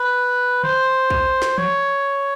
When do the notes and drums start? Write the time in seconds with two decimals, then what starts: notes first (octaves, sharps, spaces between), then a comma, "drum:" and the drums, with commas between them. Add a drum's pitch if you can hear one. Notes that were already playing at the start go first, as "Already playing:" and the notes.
Already playing: B4
0.63 C5, drum: tom
1.10 drum: kick
1.42 drum: snare
1.58 C#5, drum: tom